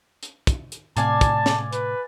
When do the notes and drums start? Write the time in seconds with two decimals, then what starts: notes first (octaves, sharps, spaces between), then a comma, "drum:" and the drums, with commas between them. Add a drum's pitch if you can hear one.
0.23 drum: hi-hat
0.47 drum: kick, hi-hat
0.72 drum: hi-hat
0.97 A2 C3 D5 F5 G#5 A5, drum: hi-hat
1.21 drum: kick, hi-hat
1.46 drum: snare
1.73 B4, drum: hi-hat